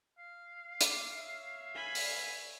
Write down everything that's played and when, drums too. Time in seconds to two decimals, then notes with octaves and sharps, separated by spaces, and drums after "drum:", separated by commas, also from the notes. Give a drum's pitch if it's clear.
0.18 F5
0.81 D6, drum: hi-hat
1.16 C#5 E5
1.75 G#5 B5
1.95 drum: open hi-hat